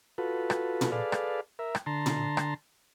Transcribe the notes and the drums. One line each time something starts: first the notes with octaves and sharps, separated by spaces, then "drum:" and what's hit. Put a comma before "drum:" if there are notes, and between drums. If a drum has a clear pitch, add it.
F4 F#4 A4 B4
drum: rim click
drum: tom
G#4 A4 B4 D5 F5
drum: rim click
A#4 E5
drum: rim click
D3 A5 A#5 C6
drum: tom
drum: rim click